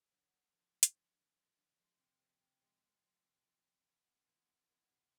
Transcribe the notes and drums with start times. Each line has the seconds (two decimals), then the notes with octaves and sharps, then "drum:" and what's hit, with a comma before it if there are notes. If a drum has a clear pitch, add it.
0.11 D3 F#3
0.32 D3
0.53 F3 G#3
0.73 D3
0.83 drum: hi-hat
0.94 F3 G#3
1.15 D3
1.36 F3 G#3
1.56 D3
1.77 F3 G#3
1.98 C3
2.19 F3 G#3
2.39 C3
2.61 F3 G#3
2.81 C3
3.02 F3 G#3
3.23 C3
3.44 F3 G#3
3.64 C3
3.85 E3 G#3 B3
4.06 C3
4.27 E3 G#3 B3
4.48 C3
4.69 E3 G#3 B3
4.90 C3